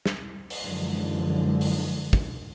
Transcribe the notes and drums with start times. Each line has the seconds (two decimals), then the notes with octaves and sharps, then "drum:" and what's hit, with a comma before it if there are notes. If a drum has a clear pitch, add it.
0.06 drum: snare
0.50 drum: open hi-hat
0.63 F#2 D3 E3 F3 G#3
1.61 drum: open hi-hat
2.13 drum: kick